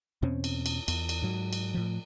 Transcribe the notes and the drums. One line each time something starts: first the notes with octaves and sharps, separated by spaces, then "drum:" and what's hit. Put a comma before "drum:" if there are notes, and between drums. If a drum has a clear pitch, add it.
E2 B2 C4 C#4
drum: cymbal
drum: cymbal
E2, drum: cymbal
drum: cymbal
G#2 F#3
drum: cymbal
A2 F3